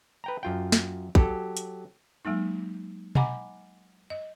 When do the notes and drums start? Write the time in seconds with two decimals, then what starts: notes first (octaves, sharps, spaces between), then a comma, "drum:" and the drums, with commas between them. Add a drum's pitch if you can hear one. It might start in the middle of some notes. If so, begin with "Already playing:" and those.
0.24 B4 G5 A#5
0.43 F#2 F4 G5
0.72 drum: snare
1.15 F#3 G4 A4, drum: kick
1.57 drum: hi-hat
2.25 F#3 G#3 A#3 D#4
3.15 D#5 F#5 G#5 A#5 B5 D6, drum: tom B2
4.10 D#5